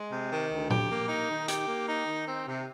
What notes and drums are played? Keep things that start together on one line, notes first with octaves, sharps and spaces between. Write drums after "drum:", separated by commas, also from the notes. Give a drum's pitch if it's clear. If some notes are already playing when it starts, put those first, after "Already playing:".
Already playing: G#3
C3
D#3
D2
G4, drum: tom A#2
A#3
D#4
D#3
G4, drum: hi-hat
A#3
D#4
D#3
C4
C3